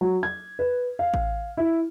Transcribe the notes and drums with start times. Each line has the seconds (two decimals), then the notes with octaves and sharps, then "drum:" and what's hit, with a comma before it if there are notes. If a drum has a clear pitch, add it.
0.01 F#3
0.23 G#6
0.59 B4
0.99 F5
1.14 drum: kick A1
1.57 E4